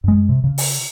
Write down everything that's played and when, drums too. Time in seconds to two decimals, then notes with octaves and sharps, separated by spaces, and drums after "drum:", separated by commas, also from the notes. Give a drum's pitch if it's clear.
0.04 F#2 G#3
0.29 C3
0.44 C#3
0.58 drum: open hi-hat